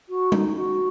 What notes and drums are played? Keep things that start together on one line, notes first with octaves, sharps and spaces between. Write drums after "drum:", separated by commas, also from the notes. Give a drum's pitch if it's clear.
F#4
D#4, drum: tom G3
F#4